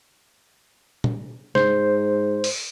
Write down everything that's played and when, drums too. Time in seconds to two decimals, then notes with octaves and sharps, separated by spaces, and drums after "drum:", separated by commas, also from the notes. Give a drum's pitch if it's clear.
1.04 drum: tom A#2
1.55 G#2 C5, drum: snare
2.44 drum: open hi-hat